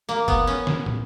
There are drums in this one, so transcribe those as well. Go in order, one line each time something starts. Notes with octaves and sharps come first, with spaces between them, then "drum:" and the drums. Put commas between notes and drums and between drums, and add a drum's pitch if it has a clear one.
A#3, drum: tambourine
B3, drum: kick F1, tambourine
C#4, drum: tambourine
drum: snare
drum: tom